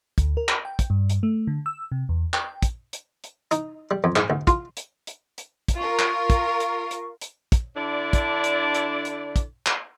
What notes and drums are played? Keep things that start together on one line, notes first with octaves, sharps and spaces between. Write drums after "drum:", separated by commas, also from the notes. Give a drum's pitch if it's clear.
D2, drum: kick, hi-hat
A#4
drum: clap
G5
drum: kick, hi-hat
G2
drum: hi-hat
A3
D3
E6
C3
E2
G5, drum: clap
drum: kick, hi-hat
drum: hi-hat
drum: hi-hat
D#4, drum: hi-hat
G3
F2
G#2, drum: clap
D2
F4, drum: kick, hi-hat
drum: hi-hat
drum: hi-hat
drum: hi-hat
drum: kick, hi-hat
F4 A#4 C#6
drum: clap
drum: kick, hi-hat
drum: hi-hat
drum: hi-hat
drum: hi-hat
drum: kick, hi-hat
D3 D4 E4 D5
drum: kick, hi-hat
drum: hi-hat
drum: hi-hat
drum: hi-hat
drum: kick, hi-hat
drum: clap